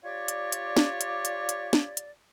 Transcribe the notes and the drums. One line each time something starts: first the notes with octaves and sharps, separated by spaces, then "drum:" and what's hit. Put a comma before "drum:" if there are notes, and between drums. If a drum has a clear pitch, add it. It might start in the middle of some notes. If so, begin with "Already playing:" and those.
F4 G4 C#5 D5
drum: hi-hat
drum: hi-hat
drum: snare
drum: hi-hat
drum: hi-hat
drum: hi-hat
drum: snare
drum: hi-hat